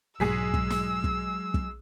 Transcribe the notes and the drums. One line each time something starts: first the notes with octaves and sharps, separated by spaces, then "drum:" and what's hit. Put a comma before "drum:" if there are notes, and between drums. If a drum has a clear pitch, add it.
B1 G#2 F#3 G#3 G#4 E6 B6
drum: kick
drum: snare
drum: kick
drum: kick